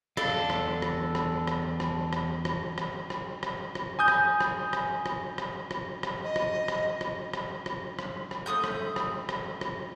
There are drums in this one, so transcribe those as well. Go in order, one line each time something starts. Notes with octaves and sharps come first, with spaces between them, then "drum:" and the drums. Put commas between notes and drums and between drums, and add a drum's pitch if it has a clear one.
E2 D4 A4 F5, drum: rim click
drum: rim click
drum: rim click
drum: rim click
drum: rim click
drum: rim click
drum: rim click
drum: rim click
drum: rim click
drum: rim click
drum: rim click
drum: rim click
G#5 D#6 G6
drum: rim click
drum: rim click
drum: rim click
drum: rim click
drum: rim click
drum: rim click
drum: rim click
D#5
drum: rim click
drum: rim click
drum: rim click
drum: rim click
drum: rim click
drum: rim click
drum: rim click
A3 G#4 D#6 G6
drum: rim click
drum: rim click
drum: rim click
drum: rim click